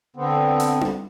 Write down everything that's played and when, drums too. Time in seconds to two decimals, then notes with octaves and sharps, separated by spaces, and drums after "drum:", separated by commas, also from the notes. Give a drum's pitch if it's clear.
0.16 D3 B3 C4
0.60 drum: hi-hat
0.81 drum: tom D4